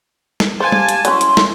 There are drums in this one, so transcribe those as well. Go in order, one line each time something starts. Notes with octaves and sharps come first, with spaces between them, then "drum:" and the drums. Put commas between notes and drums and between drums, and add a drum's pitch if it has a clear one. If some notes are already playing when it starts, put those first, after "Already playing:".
drum: snare
G4 C5 F5 G#5 A5
drum: tom G3
drum: hi-hat
F#3 C#4 E4 C6, drum: hi-hat
drum: hi-hat
drum: snare